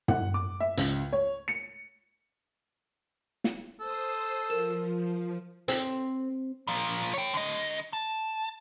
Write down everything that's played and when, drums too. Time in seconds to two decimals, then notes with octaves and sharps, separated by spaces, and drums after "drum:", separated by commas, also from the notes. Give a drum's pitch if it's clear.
0.08 F#5, drum: tom
0.34 D6
0.60 E5
0.77 C#2, drum: hi-hat
1.13 C#5
1.48 C#7
3.44 drum: snare
3.80 A4 C5 D#6 C7
4.50 F3 A#4 E7
5.68 C4, drum: hi-hat
6.67 A#2 F3
7.14 C#5 G5
7.33 D3 D#5
7.93 A5